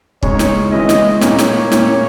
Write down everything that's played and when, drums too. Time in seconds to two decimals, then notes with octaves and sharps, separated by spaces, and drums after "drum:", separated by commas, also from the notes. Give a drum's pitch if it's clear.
0.23 C#3 G#3 D#4 C#5, drum: kick
0.39 drum: snare
0.72 E3 G#3 C#4 E4 D#5
0.89 drum: snare
1.21 A#2 A#3 C#4 E4 C#5, drum: snare
1.39 drum: snare
1.72 A#2 A#3 C#4 E4, drum: snare